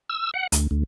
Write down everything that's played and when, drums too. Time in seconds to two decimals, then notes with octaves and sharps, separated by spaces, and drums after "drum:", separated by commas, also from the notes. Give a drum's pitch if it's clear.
0.10 E6
0.34 F#5
0.52 D2, drum: hi-hat
0.71 D2